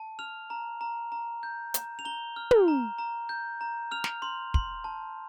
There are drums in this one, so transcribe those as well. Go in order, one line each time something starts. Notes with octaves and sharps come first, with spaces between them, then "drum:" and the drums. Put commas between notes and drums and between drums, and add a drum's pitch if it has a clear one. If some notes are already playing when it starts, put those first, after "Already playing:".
Already playing: A5
F6 F7
A#5
A#5
A#5
G6
A#5, drum: hi-hat
F7
A#5 G7
F6
drum: tom
A#5
A#5
G6
A#5
F6 F7
drum: snare
C6
C6, drum: kick
A5